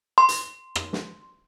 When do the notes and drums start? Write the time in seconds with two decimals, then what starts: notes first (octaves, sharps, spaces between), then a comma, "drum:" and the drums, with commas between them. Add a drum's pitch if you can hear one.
0.18 C6
0.29 drum: hi-hat
0.75 drum: rim click
0.93 drum: snare